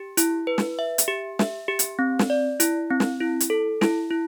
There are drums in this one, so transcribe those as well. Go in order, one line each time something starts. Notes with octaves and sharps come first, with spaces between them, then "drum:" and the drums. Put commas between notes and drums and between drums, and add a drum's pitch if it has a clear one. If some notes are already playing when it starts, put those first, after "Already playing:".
Already playing: G4
E4, drum: hi-hat
B4
drum: snare
E5
drum: hi-hat
G4
E5, drum: snare
G4
drum: hi-hat
C4
drum: snare
D5
E4, drum: hi-hat
C4
drum: snare
E4
drum: hi-hat
A4
E4, drum: snare
E4